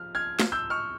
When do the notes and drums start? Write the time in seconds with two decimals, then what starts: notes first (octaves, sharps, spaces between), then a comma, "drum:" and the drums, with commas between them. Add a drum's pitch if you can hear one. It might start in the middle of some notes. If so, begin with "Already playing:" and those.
Already playing: F3 F6
0.15 F6 G#6
0.40 drum: snare
0.52 E6 G6
0.70 C#6 F6